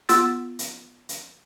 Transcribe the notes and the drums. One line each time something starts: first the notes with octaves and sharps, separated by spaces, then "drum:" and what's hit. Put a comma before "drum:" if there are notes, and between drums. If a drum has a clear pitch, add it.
B3 F4 E6 A6, drum: hi-hat
drum: hi-hat
drum: hi-hat